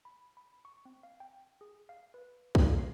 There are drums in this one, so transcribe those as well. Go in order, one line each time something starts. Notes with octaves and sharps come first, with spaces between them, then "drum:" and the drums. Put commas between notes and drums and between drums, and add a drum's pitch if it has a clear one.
B5
B5
C#6
C4
F5
G5
G#4
F5
B4
drum: kick
C7